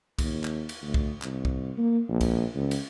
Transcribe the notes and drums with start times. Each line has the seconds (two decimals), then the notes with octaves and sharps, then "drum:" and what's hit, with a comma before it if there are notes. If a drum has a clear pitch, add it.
0.19 D#2, drum: kick, cymbal
0.44 drum: clap
0.69 drum: cymbal
0.82 D2
0.94 drum: kick
1.22 C2, drum: clap
1.45 drum: kick
1.78 A#3
2.09 A#1
2.21 drum: kick, cymbal
2.55 C#2
2.71 drum: cymbal